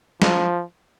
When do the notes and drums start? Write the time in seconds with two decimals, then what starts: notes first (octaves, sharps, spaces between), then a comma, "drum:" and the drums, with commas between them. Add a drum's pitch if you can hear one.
0.22 F3, drum: snare